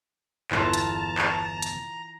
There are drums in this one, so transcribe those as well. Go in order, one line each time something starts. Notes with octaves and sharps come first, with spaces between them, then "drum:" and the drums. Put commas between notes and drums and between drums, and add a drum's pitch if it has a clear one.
G1 E2 E3 F4 A4 A5 A#5, drum: clap
drum: hi-hat
drum: clap
drum: hi-hat